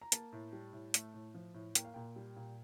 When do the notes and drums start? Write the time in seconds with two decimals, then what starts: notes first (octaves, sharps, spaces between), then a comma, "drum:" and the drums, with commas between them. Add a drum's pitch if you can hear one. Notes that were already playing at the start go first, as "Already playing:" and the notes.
0.01 A#5
0.12 A#3 A5, drum: hi-hat
0.32 A2
0.53 G3
0.73 A2
0.94 A3, drum: hi-hat
1.14 A2
1.34 F3
1.54 A2
1.75 A#3 G5, drum: hi-hat
1.85 F5
1.94 A#2 G5
2.16 G3
2.36 A#2